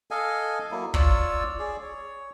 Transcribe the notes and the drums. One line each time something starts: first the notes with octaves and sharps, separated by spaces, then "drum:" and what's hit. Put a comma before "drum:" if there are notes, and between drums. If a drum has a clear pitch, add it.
A4 D#5 F5 G#5
F#3 A#3 E4
F4 C#5 D5 E6, drum: kick
G#4 D5
C#5